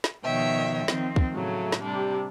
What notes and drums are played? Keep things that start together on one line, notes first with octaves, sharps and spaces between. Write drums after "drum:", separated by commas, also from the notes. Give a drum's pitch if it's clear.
drum: snare
B2 D#3 F3 C#5 E5 G5
D#3 F3 C4, drum: snare
drum: kick
A2 C#3 F#3 A3
drum: snare
C3 G3 D4